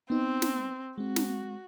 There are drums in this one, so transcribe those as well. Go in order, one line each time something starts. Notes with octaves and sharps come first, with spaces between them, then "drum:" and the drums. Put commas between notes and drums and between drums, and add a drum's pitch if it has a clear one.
B3 C4 D#4
drum: snare
G#3 C4 F#4
drum: snare